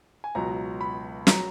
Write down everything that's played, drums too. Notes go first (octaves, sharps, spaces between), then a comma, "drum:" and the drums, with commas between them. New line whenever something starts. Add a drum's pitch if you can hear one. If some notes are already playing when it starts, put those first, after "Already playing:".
G#5
C#2 B2 F#3 A#5
B5
F#3 A#5, drum: snare